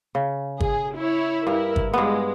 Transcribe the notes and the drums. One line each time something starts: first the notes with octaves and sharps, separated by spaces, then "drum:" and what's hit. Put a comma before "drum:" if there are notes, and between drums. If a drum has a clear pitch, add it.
C#3
G#4, drum: kick G1
E4 C#5
G2 E4 A#4
drum: kick G1
G2 G#3 B3